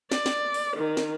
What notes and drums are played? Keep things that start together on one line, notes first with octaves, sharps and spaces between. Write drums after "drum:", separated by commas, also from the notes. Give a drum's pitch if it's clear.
D5, drum: snare
drum: snare
drum: open hi-hat
D#3
drum: snare